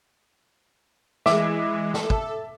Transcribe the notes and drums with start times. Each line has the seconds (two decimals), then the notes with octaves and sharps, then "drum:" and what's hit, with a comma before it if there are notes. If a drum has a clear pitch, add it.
1.26 E3 G#3 E5 D6, drum: snare
1.94 A4, drum: snare
2.10 drum: kick